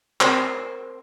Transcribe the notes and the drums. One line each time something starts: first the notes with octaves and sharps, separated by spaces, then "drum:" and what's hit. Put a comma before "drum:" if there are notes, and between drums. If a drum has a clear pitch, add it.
C4 A#4 C5, drum: clap